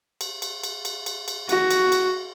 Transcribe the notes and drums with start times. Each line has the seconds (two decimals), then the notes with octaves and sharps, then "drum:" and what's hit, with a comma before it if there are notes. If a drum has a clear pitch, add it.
0.21 drum: cymbal
0.42 drum: cymbal
0.63 drum: cymbal
0.85 drum: cymbal
1.06 drum: cymbal
1.28 drum: cymbal
1.49 F#4, drum: cymbal
1.71 drum: cymbal
1.92 drum: cymbal